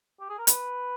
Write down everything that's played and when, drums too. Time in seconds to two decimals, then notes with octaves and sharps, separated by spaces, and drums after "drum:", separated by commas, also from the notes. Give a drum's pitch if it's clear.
0.20 G4
0.29 G#4
0.38 A#4
0.47 B4, drum: hi-hat